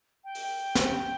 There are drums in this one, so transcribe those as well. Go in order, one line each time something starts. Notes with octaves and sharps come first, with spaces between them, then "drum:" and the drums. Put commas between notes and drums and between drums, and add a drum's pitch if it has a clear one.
G5
drum: open hi-hat
drum: snare